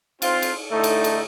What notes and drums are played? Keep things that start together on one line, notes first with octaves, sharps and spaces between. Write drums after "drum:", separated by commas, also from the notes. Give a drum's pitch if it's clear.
C4 F4, drum: cymbal
drum: cymbal
A2 D3 A3 D#4 A4
drum: cymbal
drum: cymbal